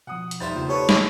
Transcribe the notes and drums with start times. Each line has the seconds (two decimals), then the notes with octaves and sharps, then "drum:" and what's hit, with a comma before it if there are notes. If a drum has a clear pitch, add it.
0.07 B2 F3 F#5 D#6
0.31 drum: hi-hat
0.40 F1 G3 D#4 C5 E5 A6
0.55 E1 C#3 A#3 F4
0.69 G4 A4 B4 C#5 D5
0.89 A3 A4 D6, drum: snare